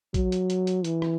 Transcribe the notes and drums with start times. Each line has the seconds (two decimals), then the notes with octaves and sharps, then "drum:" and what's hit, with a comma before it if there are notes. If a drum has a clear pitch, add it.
0.14 F#3, drum: kick A#1, hi-hat
0.32 drum: hi-hat
0.50 drum: hi-hat
0.67 drum: hi-hat
0.84 E3, drum: hi-hat
1.02 drum: rim click